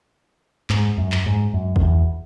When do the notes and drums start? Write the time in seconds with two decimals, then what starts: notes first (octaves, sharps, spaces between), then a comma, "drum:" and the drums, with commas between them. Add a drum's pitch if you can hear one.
0.70 G#2, drum: clap
0.98 F#2
1.12 drum: clap
1.26 G#2
1.54 F#2
1.76 F#2, drum: kick F#1
1.82 E2